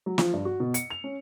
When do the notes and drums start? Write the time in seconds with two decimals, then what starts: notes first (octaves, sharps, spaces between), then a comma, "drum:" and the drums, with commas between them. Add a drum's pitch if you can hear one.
0.06 F#3
0.18 F3, drum: snare
0.33 G2
0.45 F#4
0.60 B2
0.74 C#7, drum: hi-hat
0.90 F7
1.04 C#4